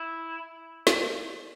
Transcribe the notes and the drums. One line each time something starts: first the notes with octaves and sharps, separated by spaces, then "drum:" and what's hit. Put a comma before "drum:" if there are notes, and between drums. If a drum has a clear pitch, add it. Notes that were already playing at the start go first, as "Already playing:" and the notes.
Already playing: E4
drum: snare